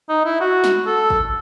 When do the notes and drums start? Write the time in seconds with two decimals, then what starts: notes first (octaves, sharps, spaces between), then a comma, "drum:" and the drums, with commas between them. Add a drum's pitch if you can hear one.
0.09 D#4
0.25 E4
0.40 F#4
0.64 drum: snare
0.87 A4
1.10 drum: kick